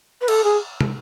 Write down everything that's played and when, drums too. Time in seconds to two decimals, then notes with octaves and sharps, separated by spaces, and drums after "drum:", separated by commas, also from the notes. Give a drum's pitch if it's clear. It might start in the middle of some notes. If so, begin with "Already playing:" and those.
0.21 B4
0.28 A4, drum: cymbal
0.44 G#4
0.81 drum: tom